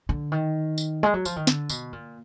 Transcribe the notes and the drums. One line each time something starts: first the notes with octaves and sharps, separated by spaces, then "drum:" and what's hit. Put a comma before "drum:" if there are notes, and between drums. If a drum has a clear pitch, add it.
D3
D#3
drum: tambourine
G#3
F#3
F3, drum: tambourine
D#3
D3, drum: snare
B2, drum: tambourine
A#2